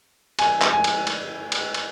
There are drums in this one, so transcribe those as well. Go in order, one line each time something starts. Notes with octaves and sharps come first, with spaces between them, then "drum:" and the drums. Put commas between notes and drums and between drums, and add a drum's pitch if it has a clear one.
G#5, drum: cymbal
drum: clap
G#5
drum: cymbal
drum: cymbal
drum: cymbal
drum: cymbal